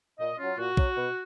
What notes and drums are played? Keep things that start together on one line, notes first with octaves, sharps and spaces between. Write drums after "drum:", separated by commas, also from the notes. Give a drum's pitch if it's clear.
A#2 D#5
F#3 C#4 F4
A#2 F#4
F#3 C#4, drum: kick
B2